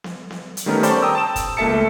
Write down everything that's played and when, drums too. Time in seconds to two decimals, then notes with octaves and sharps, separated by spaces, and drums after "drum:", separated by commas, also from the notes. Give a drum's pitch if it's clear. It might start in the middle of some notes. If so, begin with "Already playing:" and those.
0.04 drum: snare B3
0.31 drum: snare B3
0.57 drum: hi-hat
0.66 D#3 G3 A3 B3 C#4 A#4
0.83 C5 D5 G5 A5 B5 C#6, drum: hi-hat
1.02 G5 A#5 D#6 E6
1.15 A5 E7
1.36 drum: kick, hi-hat
1.57 C#2 A#3 A4 E5 A5 C#7
1.73 A3